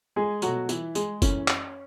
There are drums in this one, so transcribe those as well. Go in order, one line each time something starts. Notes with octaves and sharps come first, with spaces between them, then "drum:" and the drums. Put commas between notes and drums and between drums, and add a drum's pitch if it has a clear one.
G#3 G#4
B2 F#3 A3 F#4, drum: tambourine
E3 E4, drum: tambourine
G#3 G#4, drum: tambourine
F#2 E3 A3 C#4, drum: kick, tambourine
drum: clap